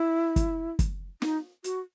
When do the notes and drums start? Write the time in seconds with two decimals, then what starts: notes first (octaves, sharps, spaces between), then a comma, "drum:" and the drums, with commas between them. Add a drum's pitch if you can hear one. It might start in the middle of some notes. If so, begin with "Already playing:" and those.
Already playing: E4
0.36 drum: kick, hi-hat
0.79 drum: kick, hi-hat
1.22 D#4, drum: snare
1.64 F#4, drum: hi-hat